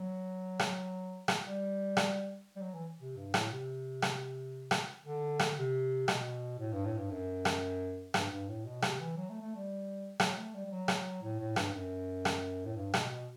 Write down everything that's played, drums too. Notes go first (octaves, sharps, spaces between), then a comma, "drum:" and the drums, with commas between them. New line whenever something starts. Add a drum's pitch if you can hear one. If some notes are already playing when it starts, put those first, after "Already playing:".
Already playing: F#3
drum: rim click
drum: rim click
G3
drum: rim click
G3
F#3
E3
C3
G2
A2, drum: rim click
C3
drum: rim click
drum: rim click
D3
drum: rim click
C3
B2, drum: rim click
A2
G2
A2
G2
F#2
drum: rim click
G2, drum: rim click
G2
A2
B2
C3, drum: rim click
E3
F#3
A3
A3
G3
F#3, drum: rim click
A3
G3
G3
F#3
drum: rim click
A2
A2
G2, drum: rim click
F#2
drum: rim click
A2
G2
B2, drum: rim click
B2